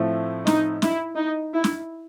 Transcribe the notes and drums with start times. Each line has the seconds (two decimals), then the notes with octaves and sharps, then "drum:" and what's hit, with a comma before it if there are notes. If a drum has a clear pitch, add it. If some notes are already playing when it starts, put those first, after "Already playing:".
Already playing: A2 F3 A3 C4 E4
0.47 D#4, drum: snare
0.82 E4, drum: snare
1.16 D#4
1.53 E4
1.64 drum: snare